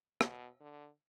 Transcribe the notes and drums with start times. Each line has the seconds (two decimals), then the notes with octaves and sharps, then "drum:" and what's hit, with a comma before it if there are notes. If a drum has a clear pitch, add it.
0.21 B2, drum: rim click
0.60 D3